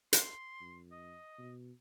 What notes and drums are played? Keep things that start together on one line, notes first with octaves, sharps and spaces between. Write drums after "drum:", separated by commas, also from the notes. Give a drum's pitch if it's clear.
C6, drum: hi-hat
F2
D#5
B2